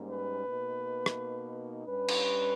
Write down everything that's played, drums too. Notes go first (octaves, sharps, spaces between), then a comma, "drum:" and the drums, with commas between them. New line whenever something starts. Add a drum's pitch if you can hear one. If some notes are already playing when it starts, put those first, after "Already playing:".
Already playing: G#2 G3 A#3 C#4
B4
B2 A#3 D#4
drum: rim click
G2 G3 C#4 B4
drum: cymbal